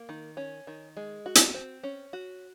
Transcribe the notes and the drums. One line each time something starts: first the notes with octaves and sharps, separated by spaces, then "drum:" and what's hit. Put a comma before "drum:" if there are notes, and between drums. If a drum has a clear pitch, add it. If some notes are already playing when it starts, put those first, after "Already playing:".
Already playing: A#3
D#3
C#4
D#3
G#3
F#4
drum: hi-hat
C4
C#4
F#4